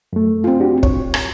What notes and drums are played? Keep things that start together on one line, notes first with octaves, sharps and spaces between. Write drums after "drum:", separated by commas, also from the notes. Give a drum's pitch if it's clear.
F#2 A3
C4 F4
D4 F#4 G4
C#5, drum: kick
drum: rim click